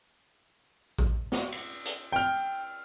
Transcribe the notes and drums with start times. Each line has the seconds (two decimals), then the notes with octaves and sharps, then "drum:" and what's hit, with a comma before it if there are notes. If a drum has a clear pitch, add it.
0.99 drum: kick A#1
1.32 drum: snare
1.52 drum: cymbal
1.85 drum: hi-hat
2.12 G5 F6